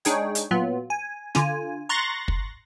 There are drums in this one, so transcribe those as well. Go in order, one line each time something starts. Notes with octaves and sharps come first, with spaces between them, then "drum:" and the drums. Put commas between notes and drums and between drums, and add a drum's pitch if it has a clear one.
G#3 D4 D#4 G#4 C#5 G5, drum: hi-hat
drum: hi-hat
A#2 F#3 B3 F4
G#5
D3 F4 G#5, drum: snare
A#5 C6 C#6 F#6 A6 A#6
drum: kick